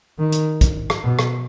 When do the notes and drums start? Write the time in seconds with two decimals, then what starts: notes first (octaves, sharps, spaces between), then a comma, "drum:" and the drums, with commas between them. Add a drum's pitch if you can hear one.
0.19 D#3
0.32 drum: hi-hat
0.61 drum: kick, hi-hat
0.90 drum: rim click
1.04 B2
1.19 drum: rim click